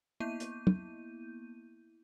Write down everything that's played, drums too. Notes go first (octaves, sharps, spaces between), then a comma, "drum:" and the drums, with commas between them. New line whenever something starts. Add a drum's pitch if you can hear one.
A#3 B3 E4 G6 D#7
drum: hi-hat
drum: tom